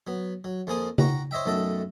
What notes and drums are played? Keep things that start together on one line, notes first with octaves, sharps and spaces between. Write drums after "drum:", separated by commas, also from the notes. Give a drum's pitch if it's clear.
F#3 B3
F#3
F2 F3 A#3 G#4 C5 D#6
F#5 G5 A#5 C#6, drum: tom C#3
C5 C#5 D#5 E5 G5
B1 F#2 A3 A4 D#5 G5